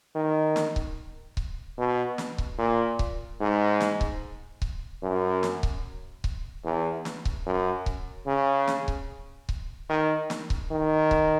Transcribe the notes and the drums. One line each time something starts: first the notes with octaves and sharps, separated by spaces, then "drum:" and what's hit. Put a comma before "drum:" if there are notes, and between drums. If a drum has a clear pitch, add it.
D#3
drum: snare
drum: kick C#1
drum: kick C#1
B2
drum: snare
drum: kick C#1
A#2
drum: kick C#1
G#2
drum: snare
drum: kick C#1
drum: kick C#1
F#2
drum: snare
drum: kick C#1
drum: kick C#1
E2
drum: snare
drum: kick C#1
F#2
drum: kick C#1
C#3
drum: snare
drum: kick C#1
drum: kick C#1
D#3
drum: snare
drum: kick C#1
D#3
drum: kick C#1